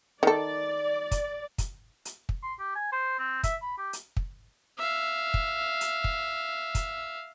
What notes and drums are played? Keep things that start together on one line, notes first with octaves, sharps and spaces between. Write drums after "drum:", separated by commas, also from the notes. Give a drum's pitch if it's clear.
D#3 A4 D5
drum: kick, hi-hat
drum: kick, hi-hat
drum: hi-hat
drum: kick
C6
G4
G#5
C5
C4
E5, drum: kick, hi-hat
B5
G4
drum: hi-hat
drum: kick
E5 F5
drum: kick
drum: hi-hat
drum: kick
drum: kick, hi-hat